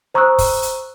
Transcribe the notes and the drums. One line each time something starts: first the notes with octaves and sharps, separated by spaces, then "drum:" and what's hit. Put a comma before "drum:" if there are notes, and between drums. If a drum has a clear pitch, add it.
C5 A#5 C#6 D#6 E6 F#6
drum: kick, open hi-hat
drum: hi-hat